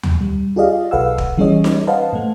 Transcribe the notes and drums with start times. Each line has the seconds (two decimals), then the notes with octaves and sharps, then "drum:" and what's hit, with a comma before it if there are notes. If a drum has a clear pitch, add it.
0.03 drum: tom D#2
0.21 G3
0.56 F4 G4 G#4 D5 D#5 F5
0.91 B1 A4 B4 F5 F#5 E6
1.18 drum: kick
1.38 E3 G3 C#4 G#4 C#5 D#5
1.64 drum: snare D#4
1.87 B4 C5 D#5 F5 F#5 A5
2.13 A2 A3